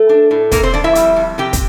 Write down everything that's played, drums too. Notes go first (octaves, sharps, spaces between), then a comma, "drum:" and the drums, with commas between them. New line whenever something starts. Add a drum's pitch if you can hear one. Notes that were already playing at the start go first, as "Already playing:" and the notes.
Already playing: A3 A4
D4
A2
C3 A#3 A#4, drum: kick, hi-hat
C4 C5
F2 D4 D5
E4 E5
G3, drum: hi-hat
F2
C3 G4 G5
drum: kick, hi-hat